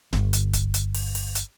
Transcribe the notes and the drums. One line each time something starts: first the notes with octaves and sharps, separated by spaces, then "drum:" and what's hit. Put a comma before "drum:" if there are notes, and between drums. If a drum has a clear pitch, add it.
G1, drum: snare
drum: hi-hat
drum: kick, hi-hat
drum: hi-hat
drum: open hi-hat
drum: open hi-hat
drum: hi-hat